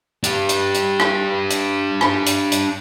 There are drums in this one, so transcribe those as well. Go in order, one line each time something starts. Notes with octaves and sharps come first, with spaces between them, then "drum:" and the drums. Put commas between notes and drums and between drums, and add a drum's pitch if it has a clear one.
D4 G4, drum: hi-hat
drum: hi-hat
drum: hi-hat
drum: rim click
drum: hi-hat
drum: rim click
drum: hi-hat
drum: hi-hat